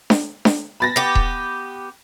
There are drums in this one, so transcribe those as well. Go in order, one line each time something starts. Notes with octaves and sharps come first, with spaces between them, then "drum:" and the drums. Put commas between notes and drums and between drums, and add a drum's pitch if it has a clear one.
drum: snare D4
drum: snare D4
B5 A6 A#6
B3 G4
drum: kick D#1